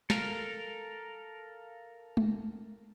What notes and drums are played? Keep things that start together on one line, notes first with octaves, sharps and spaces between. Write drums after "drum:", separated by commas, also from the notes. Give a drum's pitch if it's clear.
A4 A#4 F5, drum: snare
drum: tom G#3